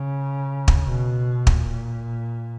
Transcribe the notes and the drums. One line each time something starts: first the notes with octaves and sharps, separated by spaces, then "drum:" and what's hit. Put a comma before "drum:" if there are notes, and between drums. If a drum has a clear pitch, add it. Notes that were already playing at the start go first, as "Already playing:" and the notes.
Already playing: C#3
drum: kick
B2
A#2, drum: kick